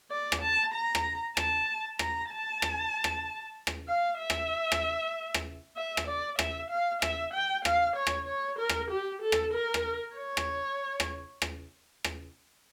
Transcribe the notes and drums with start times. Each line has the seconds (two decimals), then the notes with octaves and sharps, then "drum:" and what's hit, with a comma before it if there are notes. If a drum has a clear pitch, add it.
0.11 D5
0.32 drum: rim click
0.42 A5
0.74 A#5
0.95 drum: rim click
1.37 A5, drum: rim click
1.99 A#5, drum: rim click
2.30 A5
2.62 drum: rim click
3.04 drum: rim click
3.67 drum: rim click
3.88 F5
4.20 E5
4.30 drum: rim click
4.72 drum: rim click
5.34 drum: rim click
5.77 E5
5.97 drum: rim click
6.08 D5
6.39 E5, drum: rim click
6.70 F5
7.02 E5, drum: rim click
7.34 G5
7.65 F5, drum: rim click
7.96 C#5
8.07 drum: rim click
8.27 C#5
8.59 A#4
8.69 drum: rim click
8.90 G4
9.22 A4
9.32 drum: rim click
9.53 A#4
9.74 drum: rim click
10.16 C#5
10.37 drum: rim click
11.00 drum: rim click
11.42 drum: rim click
12.04 drum: rim click